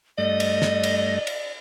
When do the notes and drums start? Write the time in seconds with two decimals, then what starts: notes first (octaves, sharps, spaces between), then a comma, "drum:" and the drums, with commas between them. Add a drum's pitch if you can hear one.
0.18 G2 A3 D5 D#5
0.40 drum: cymbal
0.62 drum: snare
0.83 drum: cymbal
1.27 drum: cymbal